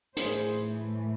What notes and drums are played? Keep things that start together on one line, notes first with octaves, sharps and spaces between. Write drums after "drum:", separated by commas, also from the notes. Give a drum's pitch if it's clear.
A2 E3 A3 G#4 C5, drum: hi-hat